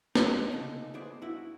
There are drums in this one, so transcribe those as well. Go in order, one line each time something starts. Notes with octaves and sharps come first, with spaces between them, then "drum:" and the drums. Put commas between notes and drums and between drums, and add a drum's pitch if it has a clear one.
B3 D#4, drum: snare
C2 A#2 C#3 D#4 A4
A2 B3 G#4 C5 D5
G2 E4 F#4